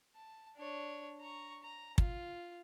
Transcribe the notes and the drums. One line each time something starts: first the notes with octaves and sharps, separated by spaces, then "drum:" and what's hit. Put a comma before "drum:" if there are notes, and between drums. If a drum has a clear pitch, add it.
A5
D4 C#5
A#5 C#6
A#5
F4, drum: kick